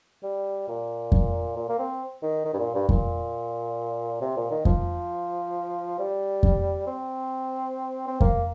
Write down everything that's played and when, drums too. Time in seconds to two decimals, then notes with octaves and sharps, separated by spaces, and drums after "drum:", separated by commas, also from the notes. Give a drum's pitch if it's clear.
0.23 G3
0.68 A#2
1.12 drum: kick F2
1.57 A#2
1.69 A#3
1.79 C4
2.23 D#3
2.45 D#3
2.54 G2
2.59 A#2
2.75 G2
2.89 A#2, drum: kick F2
4.21 C3
4.37 A#2
4.51 D#3
4.65 F3, drum: kick F2
5.99 G3
6.43 drum: kick F2
6.87 C4
8.08 C4
8.21 A#3, drum: kick F2